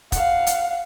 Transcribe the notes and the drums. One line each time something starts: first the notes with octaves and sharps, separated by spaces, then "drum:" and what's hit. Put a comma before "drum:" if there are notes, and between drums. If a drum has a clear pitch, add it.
F5 F#5, drum: kick, hi-hat
drum: hi-hat